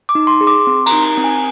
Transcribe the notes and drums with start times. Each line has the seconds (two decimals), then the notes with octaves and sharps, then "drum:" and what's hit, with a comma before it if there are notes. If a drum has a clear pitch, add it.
0.09 D6
0.15 D#4
0.27 C6
0.41 G#4
0.47 D6
0.66 C4 C6
0.86 A#5, drum: cymbal
0.92 D#4
1.04 A#5
1.17 C4
1.24 G#5